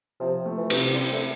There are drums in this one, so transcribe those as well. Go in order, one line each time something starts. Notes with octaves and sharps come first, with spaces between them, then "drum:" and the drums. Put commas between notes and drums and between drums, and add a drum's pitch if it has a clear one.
C3 F3
A3
E3
C3, drum: cymbal
G3 C4
A3